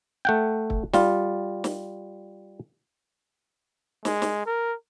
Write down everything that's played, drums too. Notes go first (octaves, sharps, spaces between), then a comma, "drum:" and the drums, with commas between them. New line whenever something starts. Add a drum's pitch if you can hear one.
A3 F#5 G5
drum: kick
G3 F4, drum: snare
drum: snare
G#3, drum: snare
drum: snare
A#4